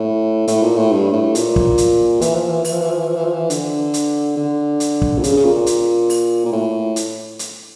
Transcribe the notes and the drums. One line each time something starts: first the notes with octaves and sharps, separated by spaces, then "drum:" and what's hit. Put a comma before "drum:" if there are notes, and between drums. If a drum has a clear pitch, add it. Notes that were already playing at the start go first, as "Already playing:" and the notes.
Already playing: A2
A2, drum: hi-hat
A#2
A2
G2
A2
A#2, drum: hi-hat
drum: kick
drum: hi-hat
E3, drum: hi-hat
F3
E3
E3, drum: open hi-hat
F3
E3
F3
E3
F3
E3
F3
E3
D3, drum: hi-hat
drum: hi-hat
D3
drum: hi-hat
drum: kick
A#2
C#3, drum: hi-hat
C#3
A#2
drum: hi-hat
drum: open hi-hat
A#2
A2
drum: hi-hat
drum: hi-hat